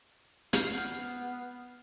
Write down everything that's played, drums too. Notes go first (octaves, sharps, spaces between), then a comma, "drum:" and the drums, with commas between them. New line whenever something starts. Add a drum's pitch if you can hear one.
F6 G6 C7, drum: hi-hat
B3